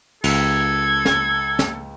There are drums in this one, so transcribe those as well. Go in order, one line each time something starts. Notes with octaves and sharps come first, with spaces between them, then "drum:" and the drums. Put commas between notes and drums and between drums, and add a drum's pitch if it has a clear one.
C#2 A4 G#6, drum: cymbal
drum: snare
drum: snare